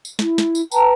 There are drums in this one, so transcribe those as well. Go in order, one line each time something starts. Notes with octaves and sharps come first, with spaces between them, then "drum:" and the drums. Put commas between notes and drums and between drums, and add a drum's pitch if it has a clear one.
drum: tambourine
E4, drum: snare
drum: snare
drum: tambourine
B4 G5 A5 A#5, drum: tambourine